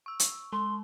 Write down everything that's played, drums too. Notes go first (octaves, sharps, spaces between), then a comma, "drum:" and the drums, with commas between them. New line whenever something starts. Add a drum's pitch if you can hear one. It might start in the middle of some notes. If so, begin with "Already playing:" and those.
C#6 E6
drum: hi-hat
G#3 C6